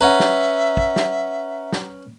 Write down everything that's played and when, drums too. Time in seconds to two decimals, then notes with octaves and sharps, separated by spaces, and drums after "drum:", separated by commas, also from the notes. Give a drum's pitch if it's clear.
0.01 C#4 B4 E5 F#5 A#5
0.20 drum: snare
0.77 drum: kick
0.96 drum: snare
1.72 drum: snare